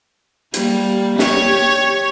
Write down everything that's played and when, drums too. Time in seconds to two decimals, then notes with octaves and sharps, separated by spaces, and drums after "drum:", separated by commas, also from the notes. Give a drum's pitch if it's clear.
0.54 G3 A#3, drum: hi-hat
1.19 G4 C#5, drum: snare